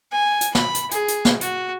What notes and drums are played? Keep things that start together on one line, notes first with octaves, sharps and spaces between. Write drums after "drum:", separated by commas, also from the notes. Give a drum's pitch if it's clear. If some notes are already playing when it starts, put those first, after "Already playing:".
G#5
drum: hi-hat
B5, drum: snare
drum: hi-hat
G#4, drum: hi-hat
drum: hi-hat
drum: snare
F#4, drum: hi-hat